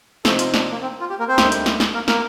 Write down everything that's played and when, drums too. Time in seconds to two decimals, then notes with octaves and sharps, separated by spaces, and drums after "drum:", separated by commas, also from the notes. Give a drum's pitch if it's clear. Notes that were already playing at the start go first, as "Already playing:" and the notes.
0.25 C3 F3 A3 C4 D#4 A4, drum: snare
0.39 F4, drum: hi-hat
0.54 D4, drum: snare
0.72 A#3
0.82 C4
1.00 F4
1.10 G4
1.19 A#3 A#4
1.28 C4 C5
1.38 D2 D3 G3 A#3 D#4, drum: snare
1.52 drum: hi-hat
1.66 drum: snare
1.80 drum: snare
1.94 A#3 A#4
2.08 A#3 A#4, drum: snare